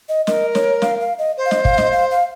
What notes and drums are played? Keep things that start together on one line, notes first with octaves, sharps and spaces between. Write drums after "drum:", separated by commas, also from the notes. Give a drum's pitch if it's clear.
D#5
A#4 D#5, drum: snare
C#5, drum: snare
F5, drum: snare
F5
D#5
C5
F5
D#5, drum: snare
F5, drum: kick
D#5, drum: snare
F5
F5